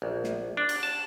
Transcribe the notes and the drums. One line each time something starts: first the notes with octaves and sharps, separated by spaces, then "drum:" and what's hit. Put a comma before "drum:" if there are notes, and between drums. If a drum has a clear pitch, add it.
A#1
drum: snare
D4
drum: cymbal
A5